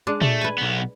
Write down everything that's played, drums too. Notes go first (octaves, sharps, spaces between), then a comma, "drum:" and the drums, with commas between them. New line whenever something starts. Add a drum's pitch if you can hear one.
G#3 D4
A3, drum: tom A#2
B4 G#5
B1 B3